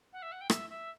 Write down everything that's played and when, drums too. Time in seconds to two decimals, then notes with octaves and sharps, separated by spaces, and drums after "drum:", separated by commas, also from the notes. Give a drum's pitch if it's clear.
0.12 F#5
0.22 E5
0.31 F#5
0.41 G5
0.50 E5, drum: rim click
0.69 E5